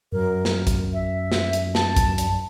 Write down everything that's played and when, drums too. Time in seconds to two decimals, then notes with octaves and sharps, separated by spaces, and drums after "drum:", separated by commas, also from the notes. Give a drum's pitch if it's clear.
0.12 F#2 A#4
0.45 drum: snare
0.67 drum: kick A1, hi-hat
0.93 E5
1.32 drum: snare
1.53 drum: hi-hat
1.75 A5, drum: snare
1.96 drum: kick A1, hi-hat
2.18 drum: hi-hat